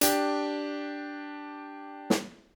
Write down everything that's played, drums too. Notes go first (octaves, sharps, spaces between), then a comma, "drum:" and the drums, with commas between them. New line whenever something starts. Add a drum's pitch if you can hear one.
D4 G4, drum: hi-hat
drum: snare